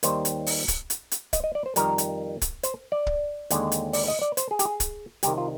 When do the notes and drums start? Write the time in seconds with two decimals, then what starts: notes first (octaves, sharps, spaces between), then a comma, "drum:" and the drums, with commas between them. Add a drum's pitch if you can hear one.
0.03 D#2 D#3 G3 C5, drum: hi-hat
0.25 drum: hi-hat
0.46 drum: open hi-hat
0.68 drum: kick, hi-hat
0.90 drum: hi-hat
1.12 drum: hi-hat
1.33 D#5, drum: kick, hi-hat
1.44 D#5
1.55 D5
1.66 C5
1.76 F2 D#3 G3 A#4, drum: hi-hat
1.98 drum: hi-hat
2.42 drum: kick, hi-hat
2.63 C5, drum: hi-hat
2.92 D5
3.07 drum: kick
3.50 D#2 D3 G#3, drum: hi-hat
3.72 drum: hi-hat
3.93 D5, drum: open hi-hat
4.08 D#5
4.22 D5
4.37 C5, drum: hi-hat
4.51 G#4
4.59 G4, drum: hi-hat
4.65 G#4
4.80 drum: kick, hi-hat
5.23 C2 C3 D#3 G4, drum: hi-hat
5.38 F4